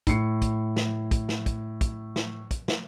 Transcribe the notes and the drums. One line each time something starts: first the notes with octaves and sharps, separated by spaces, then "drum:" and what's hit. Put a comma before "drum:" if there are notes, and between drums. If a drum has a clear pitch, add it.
A2 C7 C#7, drum: kick, hi-hat
drum: kick, hi-hat
drum: snare
drum: kick, hi-hat
drum: snare
drum: kick, hi-hat
drum: kick, hi-hat
drum: snare
drum: kick, hi-hat
drum: snare